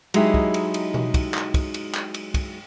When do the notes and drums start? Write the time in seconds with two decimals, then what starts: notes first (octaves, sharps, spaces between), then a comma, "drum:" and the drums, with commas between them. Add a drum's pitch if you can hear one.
0.14 F#3 G#3 D#4 E4 G4 G#4, drum: cymbal
0.34 drum: kick
0.54 drum: cymbal
0.74 drum: cymbal
0.94 drum: tom B2
1.14 drum: kick, cymbal
1.34 drum: clap
1.54 drum: kick, cymbal
1.74 drum: cymbal
1.94 drum: clap
2.14 drum: cymbal
2.34 drum: kick, cymbal